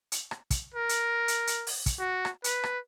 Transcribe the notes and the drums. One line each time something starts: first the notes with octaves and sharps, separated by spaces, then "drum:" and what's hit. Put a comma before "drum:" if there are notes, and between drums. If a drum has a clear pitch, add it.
drum: hi-hat
drum: rim click
drum: kick, hi-hat
A#4
drum: hi-hat
drum: hi-hat
drum: hi-hat
drum: open hi-hat
drum: kick, hi-hat
F#4
drum: rim click
B4, drum: hi-hat
drum: rim click